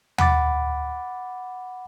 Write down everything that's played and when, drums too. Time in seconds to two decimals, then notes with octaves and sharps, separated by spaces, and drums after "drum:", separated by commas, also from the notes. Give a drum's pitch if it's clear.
0.18 F#5 B5 D6 A6, drum: tom D#2